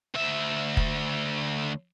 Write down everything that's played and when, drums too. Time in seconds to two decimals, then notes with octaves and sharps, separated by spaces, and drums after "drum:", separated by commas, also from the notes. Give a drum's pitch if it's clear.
0.15 D2 E5
0.77 drum: kick F1